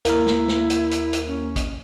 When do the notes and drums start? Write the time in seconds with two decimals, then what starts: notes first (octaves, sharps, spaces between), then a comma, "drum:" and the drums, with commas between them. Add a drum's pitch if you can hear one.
0.05 D#2 A#3 E4 A#4, drum: hi-hat
0.27 drum: snare
0.48 drum: snare
0.70 drum: hi-hat
0.91 drum: hi-hat
1.13 drum: hi-hat
1.27 C#4
1.56 drum: kick, hi-hat